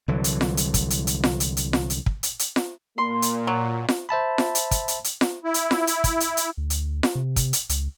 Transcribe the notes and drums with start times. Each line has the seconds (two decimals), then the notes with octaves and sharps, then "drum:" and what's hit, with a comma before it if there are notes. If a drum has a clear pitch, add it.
0.08 C2 D3 E3 F#3
0.24 drum: hi-hat
0.41 drum: snare F4
0.57 drum: hi-hat
0.74 drum: kick, hi-hat
0.90 drum: hi-hat
1.07 drum: hi-hat
1.24 drum: snare F4
1.40 drum: hi-hat
1.57 drum: hi-hat
1.73 drum: snare F4
1.90 drum: hi-hat
2.06 drum: kick
2.23 drum: hi-hat
2.39 drum: hi-hat
2.56 drum: snare F4
2.98 A#2 A#3 C6
3.22 drum: hi-hat
3.47 F#3
3.89 drum: snare F4
4.09 C5 E5 A5 B5
4.38 drum: snare F4
4.55 drum: hi-hat
4.71 drum: kick, hi-hat
4.88 drum: hi-hat
5.04 drum: hi-hat
5.21 drum: snare F4
5.44 E4
5.54 drum: hi-hat
5.71 drum: snare F4
5.87 drum: hi-hat
6.04 drum: kick, hi-hat
6.20 drum: hi-hat
6.37 drum: hi-hat
6.57 D2
6.70 drum: hi-hat
7.03 drum: snare F4
7.15 C3
7.36 drum: kick, hi-hat
7.53 drum: hi-hat
7.69 C#2, drum: hi-hat